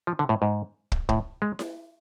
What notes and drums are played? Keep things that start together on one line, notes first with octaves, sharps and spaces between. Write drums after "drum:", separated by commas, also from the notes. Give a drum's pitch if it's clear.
F3
D3
A2
G#2
drum: kick
A2, drum: kick
G#3
drum: snare E4